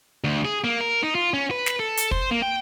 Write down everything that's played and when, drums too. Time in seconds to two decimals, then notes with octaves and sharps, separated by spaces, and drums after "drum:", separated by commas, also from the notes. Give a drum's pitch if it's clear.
0.24 D2
0.45 G#4
0.64 A#3
0.81 A#4
1.03 D#4
1.15 F4
1.34 C#4
1.51 B4
1.66 drum: snare
1.79 A4
1.97 drum: hi-hat
2.11 C5, drum: kick
2.31 A#3
2.42 G5